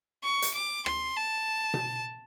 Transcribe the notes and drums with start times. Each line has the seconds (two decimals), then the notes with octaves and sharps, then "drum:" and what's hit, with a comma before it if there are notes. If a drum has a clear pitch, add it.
0.23 C#6
0.42 drum: hi-hat
0.54 D6
0.86 C6, drum: rim click
1.17 A5
1.74 drum: tom B2